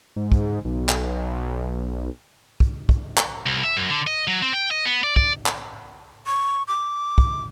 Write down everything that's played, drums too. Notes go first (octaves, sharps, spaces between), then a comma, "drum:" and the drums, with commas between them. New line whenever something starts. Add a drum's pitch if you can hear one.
G#2
drum: kick
B1
drum: clap
drum: kick
drum: kick
drum: clap
C2
E5
F#2
D3
D#5
F#3
C4
G5
D#5
B3
D5
D5, drum: kick
drum: clap
C#6
D6
drum: kick